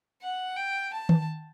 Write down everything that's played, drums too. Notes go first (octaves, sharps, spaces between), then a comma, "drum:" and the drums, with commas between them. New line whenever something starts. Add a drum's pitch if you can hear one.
F#5
G5
A5
drum: tom D#3